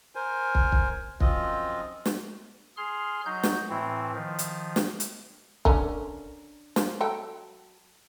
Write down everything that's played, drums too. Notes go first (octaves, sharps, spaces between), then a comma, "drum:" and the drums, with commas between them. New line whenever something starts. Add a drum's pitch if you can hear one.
A#4 C5 G#5
drum: kick
drum: kick
F#2 F3 C4 F4 D#5, drum: kick
drum: snare
G#4 C6 F6
F#3 D#4 G6
drum: snare
A2 E3 C4
D#3 F3
drum: hi-hat
drum: snare
drum: hi-hat
D3 C#4 A#4, drum: kick
F3, drum: snare
F#3 A4 G5